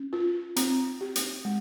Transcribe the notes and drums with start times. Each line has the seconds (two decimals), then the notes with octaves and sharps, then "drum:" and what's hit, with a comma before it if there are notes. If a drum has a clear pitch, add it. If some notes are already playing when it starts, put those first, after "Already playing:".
Already playing: C#4
0.13 F4
0.56 C4, drum: hi-hat
1.01 G4
1.16 drum: hi-hat
1.45 G#3